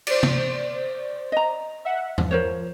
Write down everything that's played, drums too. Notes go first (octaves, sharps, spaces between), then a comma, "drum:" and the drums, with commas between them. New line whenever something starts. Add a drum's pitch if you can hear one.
C5 D5, drum: cymbal
drum: tom C3
D#5 A#5
E5 F#5
F3, drum: tom E2
A#4 C5 C#5